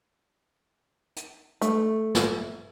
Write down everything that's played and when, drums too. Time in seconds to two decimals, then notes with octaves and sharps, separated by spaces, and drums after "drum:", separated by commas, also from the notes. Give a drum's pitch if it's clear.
1.16 drum: hi-hat
1.62 A3, drum: hi-hat
2.15 drum: snare